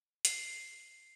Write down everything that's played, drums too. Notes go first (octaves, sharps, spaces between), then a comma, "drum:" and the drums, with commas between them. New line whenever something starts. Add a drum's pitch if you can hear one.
C7, drum: hi-hat